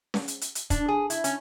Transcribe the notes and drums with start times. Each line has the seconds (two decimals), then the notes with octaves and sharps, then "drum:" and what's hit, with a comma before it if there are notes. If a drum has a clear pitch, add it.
0.14 drum: snare C#4
0.28 drum: hi-hat
0.41 drum: hi-hat
0.55 drum: hi-hat
0.70 D4, drum: kick, hi-hat
0.88 G#4
1.10 E4, drum: hi-hat
1.24 C#4, drum: hi-hat